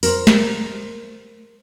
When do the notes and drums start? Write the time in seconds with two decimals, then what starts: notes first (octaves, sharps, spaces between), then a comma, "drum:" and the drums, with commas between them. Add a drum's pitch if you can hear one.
0.03 A#4 C5, drum: open hi-hat
0.27 drum: snare